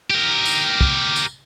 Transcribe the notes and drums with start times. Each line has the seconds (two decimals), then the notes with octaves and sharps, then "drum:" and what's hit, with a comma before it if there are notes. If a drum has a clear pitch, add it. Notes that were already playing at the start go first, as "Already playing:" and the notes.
0.10 G4 A#4
0.45 drum: tambourine
0.81 drum: kick
1.16 drum: tambourine